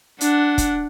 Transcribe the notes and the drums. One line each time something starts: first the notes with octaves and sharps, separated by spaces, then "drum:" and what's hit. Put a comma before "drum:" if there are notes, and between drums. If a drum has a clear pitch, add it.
D4 F#5, drum: hi-hat
drum: kick, hi-hat